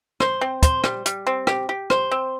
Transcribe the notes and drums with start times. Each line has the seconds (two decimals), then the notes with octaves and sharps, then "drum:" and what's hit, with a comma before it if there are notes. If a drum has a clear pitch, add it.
0.20 C5, drum: rim click
0.41 C4
0.63 C5, drum: kick, hi-hat
0.84 G3, drum: rim click
1.06 G3, drum: hi-hat
1.27 C4
1.47 G4, drum: rim click
1.69 G4
1.90 C5, drum: rim click
2.11 C4